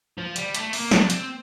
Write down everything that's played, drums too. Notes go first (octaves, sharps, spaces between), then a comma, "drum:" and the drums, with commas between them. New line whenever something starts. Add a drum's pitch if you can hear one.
F3
G3, drum: hi-hat
A3, drum: hi-hat
A#3, drum: open hi-hat
D4, drum: snare
C4, drum: hi-hat